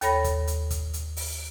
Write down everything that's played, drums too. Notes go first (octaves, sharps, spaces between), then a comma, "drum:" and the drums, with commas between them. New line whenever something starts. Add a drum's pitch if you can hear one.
D#2 A4 C#5 B5 A#6, drum: hi-hat
drum: kick, hi-hat
drum: hi-hat
drum: kick, hi-hat
drum: hi-hat
drum: open hi-hat